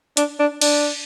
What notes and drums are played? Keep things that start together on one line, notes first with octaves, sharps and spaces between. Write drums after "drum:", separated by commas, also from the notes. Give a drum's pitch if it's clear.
D4, drum: hi-hat
D4
D4, drum: cymbal